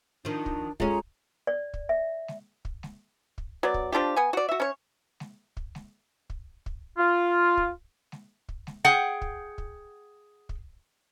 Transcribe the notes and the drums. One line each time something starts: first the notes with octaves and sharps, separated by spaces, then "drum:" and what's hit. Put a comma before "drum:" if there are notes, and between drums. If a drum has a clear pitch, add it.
D#3 F3 D4
drum: kick
G#3 C#4 F4 G#4 A4 A#5, drum: kick
D5
drum: kick
E5
drum: snare G#3
drum: kick
drum: snare G#3
drum: kick
F#3 B3 D5
drum: kick
F3 D4 F4 G4
B3 G#5
F#4 D5
F#4 E5
C#4 C#5
drum: snare G#3
drum: kick
drum: snare G#3
drum: kick
drum: kick
F4
drum: kick
drum: snare G#3
drum: kick
drum: snare G#3
G#4 F#5 G5
drum: kick
drum: kick
drum: kick